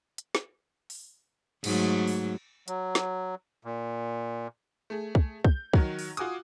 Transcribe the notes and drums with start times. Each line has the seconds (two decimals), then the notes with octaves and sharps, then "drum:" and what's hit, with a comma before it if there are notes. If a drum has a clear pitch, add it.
0.18 drum: hi-hat
0.35 drum: snare
0.90 drum: open hi-hat
1.64 G#2 F#3 A3, drum: cymbal
2.08 drum: open hi-hat
2.68 F#3, drum: hi-hat
2.95 drum: snare
3.65 A#2
4.90 A3 G#4
5.15 drum: kick
5.44 G6, drum: kick
5.73 D#3 F#3 F#4, drum: kick
5.99 drum: open hi-hat
6.17 F4 F#4 G#5 D6 D#6, drum: hi-hat